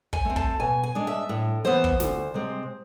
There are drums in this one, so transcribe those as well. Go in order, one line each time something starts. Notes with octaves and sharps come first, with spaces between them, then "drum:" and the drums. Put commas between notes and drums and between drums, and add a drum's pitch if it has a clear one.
G#5, drum: kick
A3 C4
A5, drum: kick
B2 G#5
G#5
G#3 D4
E5
A2
E3 B3 C5
drum: kick
D2, drum: snare
C3 G#3 C4